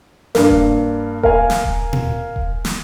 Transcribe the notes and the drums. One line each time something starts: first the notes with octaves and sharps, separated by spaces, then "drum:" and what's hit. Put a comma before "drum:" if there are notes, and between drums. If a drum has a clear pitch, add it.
G2 A#3, drum: snare
drum: kick D#1
A#4 F5 G#5, drum: kick D#1
drum: snare
drum: kick D#1
drum: tom A#2
drum: kick D#1
drum: snare